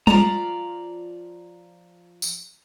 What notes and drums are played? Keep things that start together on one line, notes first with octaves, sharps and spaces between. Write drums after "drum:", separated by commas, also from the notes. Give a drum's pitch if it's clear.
F3 F4 D5 A#5, drum: tom G3
drum: tambourine